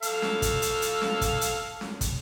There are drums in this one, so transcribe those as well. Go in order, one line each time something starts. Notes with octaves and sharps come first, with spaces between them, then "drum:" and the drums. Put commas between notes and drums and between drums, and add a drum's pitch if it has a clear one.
A4 F5, drum: hi-hat
drum: snare C#4
drum: kick, hi-hat
drum: hi-hat
drum: hi-hat
drum: snare C#4
drum: kick, hi-hat
drum: hi-hat
drum: snare C#4
drum: kick, hi-hat